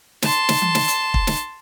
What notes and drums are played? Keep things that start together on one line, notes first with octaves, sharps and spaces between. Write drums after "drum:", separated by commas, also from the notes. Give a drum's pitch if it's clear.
A5 C6, drum: snare
drum: snare
drum: tom E3
drum: snare
drum: hi-hat
drum: kick
drum: snare